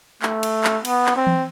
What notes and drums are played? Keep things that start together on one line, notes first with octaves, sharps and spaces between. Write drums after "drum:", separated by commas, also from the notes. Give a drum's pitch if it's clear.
A3, drum: clap
drum: cymbal
drum: clap
B3, drum: cymbal
drum: clap
C4
drum: tom E3